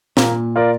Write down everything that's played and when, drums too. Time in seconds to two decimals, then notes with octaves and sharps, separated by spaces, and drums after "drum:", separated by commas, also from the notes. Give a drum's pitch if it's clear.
0.17 A#2 A#3, drum: snare
0.56 F4 A#4 D5